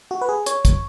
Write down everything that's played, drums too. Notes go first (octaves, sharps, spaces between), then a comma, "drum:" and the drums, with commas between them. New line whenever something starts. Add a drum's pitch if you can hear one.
F#4
B4
G#4
C#5, drum: hi-hat
drum: kick, hi-hat